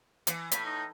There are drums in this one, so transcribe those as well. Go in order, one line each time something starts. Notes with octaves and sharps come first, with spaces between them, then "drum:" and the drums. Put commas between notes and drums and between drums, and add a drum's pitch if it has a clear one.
E3, drum: hi-hat
A2 B5, drum: hi-hat
D#4